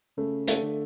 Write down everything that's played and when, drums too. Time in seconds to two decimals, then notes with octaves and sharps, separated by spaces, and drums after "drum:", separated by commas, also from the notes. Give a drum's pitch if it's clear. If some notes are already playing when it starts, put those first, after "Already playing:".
0.18 C#3 A3
0.48 A3, drum: hi-hat
0.63 D3